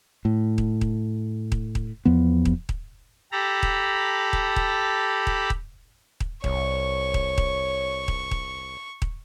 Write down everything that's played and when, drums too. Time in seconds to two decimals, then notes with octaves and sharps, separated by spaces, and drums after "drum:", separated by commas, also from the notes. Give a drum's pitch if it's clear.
0.25 A2
0.58 drum: kick D#1
0.81 drum: kick D#1
1.52 drum: kick D#1
1.75 drum: kick D#1
2.05 E2 F3 B3
2.45 drum: kick D#1
2.69 drum: kick D#1
3.32 G4 A4 A#5 B5
3.63 drum: kick D#1
4.33 drum: kick D#1
4.56 drum: kick D#1
5.27 drum: kick D#1
5.50 drum: kick D#1
6.20 drum: kick D#1
6.44 C2 C#5 C#6, drum: kick D#1
7.14 drum: kick D#1
7.38 drum: kick D#1
8.08 drum: kick D#1
8.31 drum: kick D#1
9.02 drum: kick D#1